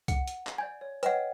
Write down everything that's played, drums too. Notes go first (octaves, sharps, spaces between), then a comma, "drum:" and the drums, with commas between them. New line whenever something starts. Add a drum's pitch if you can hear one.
F#5, drum: kick, hi-hat
drum: hi-hat
drum: clap
D5 G#5 G6 G#6
C#5
B4 C#5 D#5 F#5 G5, drum: hi-hat